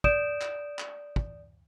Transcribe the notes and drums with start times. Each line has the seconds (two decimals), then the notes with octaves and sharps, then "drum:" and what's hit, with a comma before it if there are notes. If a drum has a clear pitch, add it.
0.04 D5 D#6 G6 D7 E7, drum: kick
0.41 drum: clap
0.79 drum: clap
1.16 drum: kick